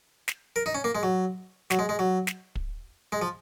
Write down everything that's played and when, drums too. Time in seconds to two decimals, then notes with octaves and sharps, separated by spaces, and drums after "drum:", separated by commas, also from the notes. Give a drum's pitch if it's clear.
0.28 drum: snare
0.56 A#4
0.66 D#4
0.75 C#4
0.84 A#3
0.95 G#3
1.03 F#3
1.70 F#3, drum: snare
1.79 G#3
1.89 G#3
1.99 F#3
2.27 drum: snare
2.55 drum: kick
3.12 G#3
3.22 F3